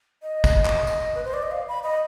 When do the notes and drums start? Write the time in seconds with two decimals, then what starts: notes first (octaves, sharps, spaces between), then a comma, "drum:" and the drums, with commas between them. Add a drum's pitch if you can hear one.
0.22 D#5
0.44 drum: kick, tambourine
0.65 drum: clap
0.87 drum: tambourine
1.15 B4
1.24 C5
1.34 D5
1.43 D#5
1.51 F5
1.68 B5
1.83 D#5